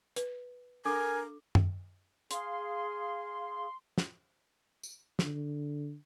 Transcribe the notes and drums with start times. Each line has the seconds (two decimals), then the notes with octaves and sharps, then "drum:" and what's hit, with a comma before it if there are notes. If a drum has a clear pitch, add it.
0.16 B4, drum: hi-hat
0.85 D4 A4 A#4 G#5 D6
1.55 drum: tom F#2
2.31 G#4 F5 C6, drum: hi-hat
3.98 drum: snare
4.83 drum: tambourine
5.19 D3, drum: snare